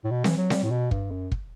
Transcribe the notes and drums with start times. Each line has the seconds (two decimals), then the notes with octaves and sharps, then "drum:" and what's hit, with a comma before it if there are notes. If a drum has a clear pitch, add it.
0.04 A2
0.11 B2
0.24 E3, drum: snare C4
0.37 F#3
0.50 G3, drum: snare C4
0.63 A2
0.71 B2
0.91 G2, drum: kick
1.11 F#2
1.32 drum: kick